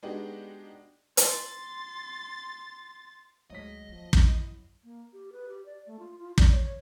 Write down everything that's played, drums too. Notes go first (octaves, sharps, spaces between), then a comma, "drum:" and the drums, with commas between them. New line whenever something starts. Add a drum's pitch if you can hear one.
G#3 B3 D4 D#4 F#4 G4
C6 A6, drum: hi-hat
D2 F#3 G#3 C#5 D#5 B6
D#2 F3
F#2 E4, drum: kick
A#3
G4
B4
G4
D5
A3
F4
F4
D5, drum: kick
C#5